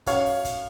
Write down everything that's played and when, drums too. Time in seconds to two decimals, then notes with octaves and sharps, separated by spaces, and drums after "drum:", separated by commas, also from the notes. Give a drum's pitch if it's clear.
0.06 F#2 C#5 F5, drum: kick, hi-hat
0.26 drum: open hi-hat
0.45 drum: kick, hi-hat